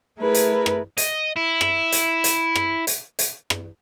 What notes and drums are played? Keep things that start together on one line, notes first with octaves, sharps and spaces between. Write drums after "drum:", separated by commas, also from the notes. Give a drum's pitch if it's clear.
A3 E4 G#4 A#4 B4
drum: hi-hat
drum: rim click
D#5, drum: hi-hat
E4
drum: rim click
drum: hi-hat
drum: hi-hat
drum: rim click
drum: hi-hat
drum: hi-hat
drum: rim click